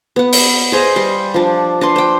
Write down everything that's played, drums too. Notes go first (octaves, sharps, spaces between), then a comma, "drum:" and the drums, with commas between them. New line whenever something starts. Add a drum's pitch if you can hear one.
B3 F#5
drum: open hi-hat
G#4 C5 D#5 F5
G3 C6
F3 D4
D4 B4 C6
C5 G5